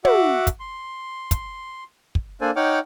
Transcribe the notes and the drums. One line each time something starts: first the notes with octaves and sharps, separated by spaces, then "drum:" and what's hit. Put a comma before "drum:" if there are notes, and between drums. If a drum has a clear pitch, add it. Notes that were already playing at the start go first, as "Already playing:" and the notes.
F#4 E5 F#5 D6, drum: tom
drum: kick, hi-hat
C6
drum: kick, hi-hat
drum: kick
A#3 D4 A4 C5 D5 G#5
D#4 C#5 F#5 G5 D6 F6